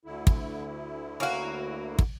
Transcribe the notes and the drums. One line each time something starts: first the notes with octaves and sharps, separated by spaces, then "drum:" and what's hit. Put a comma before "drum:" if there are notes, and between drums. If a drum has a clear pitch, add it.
D2 D3 E4
drum: kick
A#3 C#4 F#4 F5
drum: kick